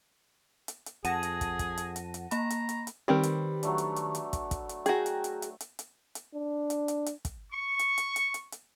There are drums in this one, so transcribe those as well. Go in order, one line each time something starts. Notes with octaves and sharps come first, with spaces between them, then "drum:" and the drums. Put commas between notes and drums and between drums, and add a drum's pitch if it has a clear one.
drum: hi-hat
drum: hi-hat
F2 G#4 F#5 A5 A#6 D#7, drum: hi-hat
drum: hi-hat
drum: kick, hi-hat
drum: kick, hi-hat
drum: hi-hat
drum: hi-hat
drum: hi-hat
A#3 A#5 B5, drum: hi-hat
drum: hi-hat
drum: hi-hat
drum: hi-hat
D#3 G3 C4 G4 A#4 B4 B5 C#6
drum: hi-hat
F#3 A3 D4, drum: hi-hat
drum: hi-hat
drum: hi-hat
drum: hi-hat
drum: kick, hi-hat
drum: kick, hi-hat
drum: hi-hat
F#4 G#4 G5 A#5, drum: hi-hat
drum: hi-hat
drum: hi-hat
drum: hi-hat
drum: hi-hat
drum: hi-hat
drum: hi-hat
D4
drum: hi-hat
drum: hi-hat
drum: hi-hat
drum: kick, hi-hat
C#6
drum: hi-hat
drum: hi-hat
drum: hi-hat
drum: hi-hat
drum: hi-hat